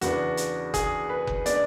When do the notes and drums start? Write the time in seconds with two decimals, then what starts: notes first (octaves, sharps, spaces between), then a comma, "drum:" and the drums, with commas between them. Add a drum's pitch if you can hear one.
0.01 E2 C#3 E3 B3 D4 F#4, drum: hi-hat
0.37 drum: hi-hat
0.74 G#4, drum: kick F#1, hi-hat
1.10 B4
1.27 drum: kick F#1
1.46 C#3 G#3 B3 D4 D5, drum: hi-hat